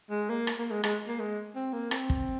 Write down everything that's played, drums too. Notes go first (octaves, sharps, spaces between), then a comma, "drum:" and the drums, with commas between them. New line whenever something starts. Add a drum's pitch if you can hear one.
G#3
A#3
drum: rim click
A#3
G#3
G#3, drum: rim click
A#3
G#3
C4
A#3
C4, drum: rim click
drum: kick